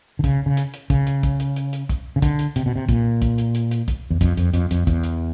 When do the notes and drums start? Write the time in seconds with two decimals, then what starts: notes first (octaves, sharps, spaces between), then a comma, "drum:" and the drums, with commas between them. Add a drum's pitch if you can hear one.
0.19 D3
0.24 C#3, drum: kick, hi-hat
0.46 C#3
0.57 drum: hi-hat
0.74 drum: hi-hat
0.90 C#3, drum: kick, hi-hat
1.07 drum: hi-hat
1.23 drum: kick, hi-hat
1.40 drum: hi-hat
1.56 drum: hi-hat
1.73 drum: hi-hat
1.89 drum: kick, hi-hat
2.16 C#3
2.22 D3, drum: kick, hi-hat
2.39 drum: hi-hat
2.56 C3, drum: hi-hat
2.66 B2
2.76 C3
2.89 A#2, drum: kick, hi-hat
3.22 drum: kick, hi-hat
3.38 drum: hi-hat
3.55 drum: hi-hat
3.71 drum: hi-hat
3.88 drum: kick, hi-hat
4.11 E2
4.21 F2, drum: kick, hi-hat
4.37 F2, drum: hi-hat
4.54 F2, drum: hi-hat
4.71 F2, drum: hi-hat
4.87 E2, drum: kick, hi-hat
5.04 drum: hi-hat